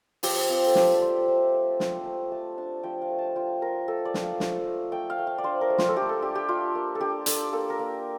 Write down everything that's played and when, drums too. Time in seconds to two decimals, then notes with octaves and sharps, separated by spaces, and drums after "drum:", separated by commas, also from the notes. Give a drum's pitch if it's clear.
0.23 F3 G4, drum: open hi-hat
0.49 C4 F4
0.67 A4
0.75 F3 G4, drum: snare
0.95 D5
1.01 F3 C5
1.28 F3 E5
1.54 A3
1.80 C4, drum: snare
2.06 A3
2.32 A3 A5
2.58 D4 A5
2.83 F3 G5
3.02 F5
3.10 A3
3.19 A5
3.36 F4 G5
3.62 F4 A#4
3.88 A3 A4
4.05 D5
4.14 F3, drum: snare
4.23 F5
4.40 A3, drum: snare
4.66 A3
4.92 A3 G5
5.10 F5
5.18 A3
5.27 F5
5.38 D5
5.44 D4 C5
5.61 A#4
5.70 A3
5.78 F4, drum: snare
5.89 A4
5.96 A3 G4
6.09 A4
6.22 D4 G4
6.35 G4
6.48 D4 F4
6.75 A#3
6.95 A4
7.00 D4 G4
7.26 D4 A4, drum: hi-hat
7.53 A#3 A4
7.70 A#4
7.79 A#3